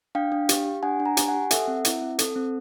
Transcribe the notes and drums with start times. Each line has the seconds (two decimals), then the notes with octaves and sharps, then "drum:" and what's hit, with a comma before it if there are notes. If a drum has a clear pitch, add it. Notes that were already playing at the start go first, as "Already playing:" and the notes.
0.15 D4 F5 G5
0.32 D4
0.49 G4, drum: hi-hat
0.65 G4
0.83 D4 F#5 G#5
1.00 D4
1.06 G#5 A#5
1.17 G4, drum: hi-hat
1.28 F#5 G#5
1.34 G4
1.51 A4 E5 F#5, drum: hi-hat
1.68 C4
1.85 E4, drum: hi-hat
2.02 C4
2.19 A4, drum: hi-hat
2.36 C4